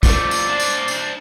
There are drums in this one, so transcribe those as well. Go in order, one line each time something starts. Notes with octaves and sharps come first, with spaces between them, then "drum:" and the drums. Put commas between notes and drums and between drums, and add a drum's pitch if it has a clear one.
F3 A3 D5, drum: kick, tambourine
drum: tambourine
D4 C5
drum: tambourine
drum: tambourine